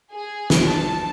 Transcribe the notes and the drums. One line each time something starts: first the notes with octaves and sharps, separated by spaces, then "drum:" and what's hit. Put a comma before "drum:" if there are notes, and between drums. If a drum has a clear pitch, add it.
G#4
drum: snare
A5